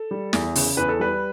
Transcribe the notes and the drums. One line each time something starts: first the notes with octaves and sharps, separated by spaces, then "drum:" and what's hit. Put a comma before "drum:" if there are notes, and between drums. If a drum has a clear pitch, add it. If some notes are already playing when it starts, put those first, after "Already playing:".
Already playing: A4
G3
E2, drum: snare
C#3, drum: open hi-hat
E2 B4
A4
G3 B4